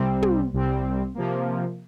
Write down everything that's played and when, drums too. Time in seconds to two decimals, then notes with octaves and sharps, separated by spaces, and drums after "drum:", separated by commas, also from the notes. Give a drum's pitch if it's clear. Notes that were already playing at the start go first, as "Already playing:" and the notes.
Already playing: C2 C3 G3 C4
0.22 drum: tom
0.53 C2 C3 G3 C4
1.15 C3 F3 A#3